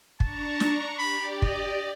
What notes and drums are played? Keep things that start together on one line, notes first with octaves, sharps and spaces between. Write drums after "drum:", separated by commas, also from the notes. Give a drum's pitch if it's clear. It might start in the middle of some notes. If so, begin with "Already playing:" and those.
D4 A5 A#5 C#6, drum: kick
drum: snare
G4 D5 B5
D#5, drum: kick